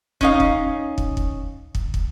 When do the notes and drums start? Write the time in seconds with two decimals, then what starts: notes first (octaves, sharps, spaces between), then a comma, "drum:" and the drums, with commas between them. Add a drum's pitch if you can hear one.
0.21 C#4 D#4 F5, drum: kick
0.40 drum: kick
0.98 drum: kick
1.17 drum: kick
1.75 drum: kick
1.94 drum: kick